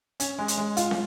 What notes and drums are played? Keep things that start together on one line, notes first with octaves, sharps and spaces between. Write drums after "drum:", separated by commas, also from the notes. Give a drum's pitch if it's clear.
C#4, drum: hi-hat
G#3
drum: hi-hat
G#3
F4, drum: hi-hat
drum: snare